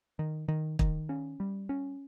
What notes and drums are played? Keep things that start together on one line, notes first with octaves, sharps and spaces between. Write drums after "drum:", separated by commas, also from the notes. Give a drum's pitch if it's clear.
D#3
D#3
D#3, drum: kick
C#4
G3
C#4